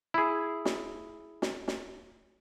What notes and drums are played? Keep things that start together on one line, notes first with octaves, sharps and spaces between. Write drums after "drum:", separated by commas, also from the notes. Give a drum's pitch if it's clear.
E4 G#4
drum: snare
drum: snare
drum: snare